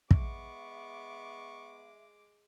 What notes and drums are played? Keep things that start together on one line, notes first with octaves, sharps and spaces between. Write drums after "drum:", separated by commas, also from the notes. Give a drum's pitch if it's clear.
G#3 B3 E5 C#6 D6, drum: kick